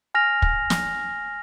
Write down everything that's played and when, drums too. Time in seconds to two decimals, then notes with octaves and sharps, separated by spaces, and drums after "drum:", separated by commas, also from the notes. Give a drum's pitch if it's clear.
0.14 G#5 F6 A#6 F7
0.42 drum: kick
0.70 drum: snare